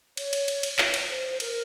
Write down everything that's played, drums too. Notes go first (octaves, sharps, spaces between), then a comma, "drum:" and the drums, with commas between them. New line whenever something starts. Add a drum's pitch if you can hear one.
C#5, drum: cymbal
drum: cymbal
drum: cymbal
drum: cymbal
drum: clap
drum: cymbal
C5
C5
A#4, drum: cymbal